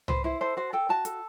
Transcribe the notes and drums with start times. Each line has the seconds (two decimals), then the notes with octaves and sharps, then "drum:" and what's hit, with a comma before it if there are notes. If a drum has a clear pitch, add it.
0.08 B4 C5, drum: tom C2
0.24 E4 C5
0.41 A4 C5
0.57 F#4 C5
0.73 A4 G5
0.89 F#4 A5
1.05 A4, drum: hi-hat